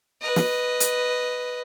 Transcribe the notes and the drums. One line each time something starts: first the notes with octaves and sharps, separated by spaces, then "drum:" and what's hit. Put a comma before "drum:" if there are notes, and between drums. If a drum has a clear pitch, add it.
B4 D#5
drum: snare
drum: hi-hat